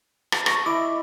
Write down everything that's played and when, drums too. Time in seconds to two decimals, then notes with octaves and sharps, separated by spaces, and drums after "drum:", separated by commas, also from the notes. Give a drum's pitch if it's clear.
0.32 drum: rim click
0.46 C#6 A#6, drum: rim click
0.66 E4 D#5 D6